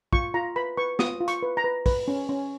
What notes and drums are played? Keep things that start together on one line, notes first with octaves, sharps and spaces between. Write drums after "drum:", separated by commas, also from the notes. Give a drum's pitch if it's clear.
F4 C#6, drum: kick
F4 A#5
B4 B5
B4 C#6
F4 D#6, drum: snare
F4
C#6, drum: hi-hat
B4
A#5
B4
B4, drum: kick, open hi-hat
C#4
C#4